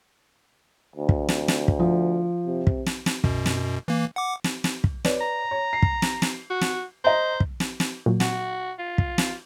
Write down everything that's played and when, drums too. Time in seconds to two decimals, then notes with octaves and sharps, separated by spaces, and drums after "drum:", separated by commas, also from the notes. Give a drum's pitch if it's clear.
0.96 D2
1.09 drum: kick
1.29 drum: snare
1.48 drum: snare
1.68 drum: kick
1.79 F3
2.46 C3
2.67 drum: kick
2.86 drum: snare
3.06 drum: snare
3.24 F#2 B2, drum: kick
3.46 drum: snare
3.88 E3 A#3
4.16 F#5 D6
4.44 drum: snare
4.64 drum: snare
4.84 drum: kick
5.05 B4 C#5 D5, drum: snare
5.21 A#5
5.51 C#5
5.73 C7
5.82 drum: kick
6.02 drum: snare
6.22 drum: snare
6.50 F#4
6.61 drum: snare
7.04 C5 D#5 A#5
7.40 drum: kick
7.60 drum: snare
7.80 drum: snare
8.06 A#2 F#3
8.20 F#4, drum: snare
8.79 F4
8.98 drum: kick
9.18 drum: snare